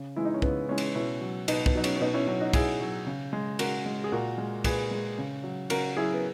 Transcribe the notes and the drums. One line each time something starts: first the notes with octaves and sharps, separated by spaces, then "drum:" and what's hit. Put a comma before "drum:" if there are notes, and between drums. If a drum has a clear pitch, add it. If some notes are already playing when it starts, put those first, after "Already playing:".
Already playing: C#3
E3 G#3 E4
D#4
C#4
C#3 B3, drum: kick
E3 G#3 C#4
drum: cymbal
B2 C#4 E4
F#3
B2 B3 D#4, drum: cymbal
B3, drum: kick
F#3 D#4
C#4, drum: cymbal
C#4
B2 B3 D#4
C#4 E4
F#3 C#4
D#4 F#4
B2 E4 G#4, drum: kick, cymbal
F#3
C#3
G#3
C#3 F#4 A#4, drum: cymbal
G#3
G#4
A#2 F#4 A#4
G#3
A#2 G#4 B4, drum: kick, cymbal
G#3
C#3
F#3
C#3 F#4 A#4, drum: cymbal
F#3 E4 G#4
B3